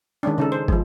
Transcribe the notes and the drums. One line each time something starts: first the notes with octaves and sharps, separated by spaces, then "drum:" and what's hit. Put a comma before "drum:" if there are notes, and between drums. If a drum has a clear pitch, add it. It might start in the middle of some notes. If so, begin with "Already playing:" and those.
D#3 G#3 C#4 D4
C#3 D#4 A4
C5
F3 G#3, drum: kick